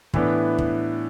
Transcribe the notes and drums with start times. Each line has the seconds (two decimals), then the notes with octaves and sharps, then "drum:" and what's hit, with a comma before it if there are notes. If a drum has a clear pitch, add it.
0.14 A2 E3 B3 D4, drum: kick
0.58 drum: kick